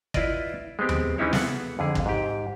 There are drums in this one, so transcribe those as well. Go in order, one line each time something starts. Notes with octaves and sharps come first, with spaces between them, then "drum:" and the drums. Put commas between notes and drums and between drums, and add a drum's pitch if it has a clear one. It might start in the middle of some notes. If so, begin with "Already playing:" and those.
E4 F4 B4 D5 D#5, drum: kick
G#3 B3 C4 G4
drum: tom D#2
E3 C4 C#4 D#4 E4 C#5
B3 G#4 A4 F#5, drum: snare
F2 D3 G#4
drum: kick
G#2 G4